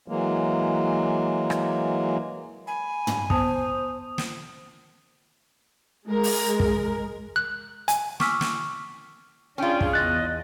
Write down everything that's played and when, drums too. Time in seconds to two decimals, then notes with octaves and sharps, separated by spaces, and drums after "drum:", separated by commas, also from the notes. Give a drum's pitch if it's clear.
0.08 E3 F#3 G#3 A#3
1.50 drum: rim click
2.67 G#5 B5
3.07 drum: tom
3.30 B3 C5 A5 D#6, drum: kick
4.18 drum: snare
6.08 G#3 A#4
6.24 drum: open hi-hat
6.60 drum: kick
7.36 F#6
7.88 G#5, drum: hi-hat
8.20 C#6 D6 E6 F6 B6, drum: snare
8.41 drum: snare
9.58 C#4 D4 F4 G#4 G5
9.81 drum: kick
9.93 E2 D#5 F#6 A6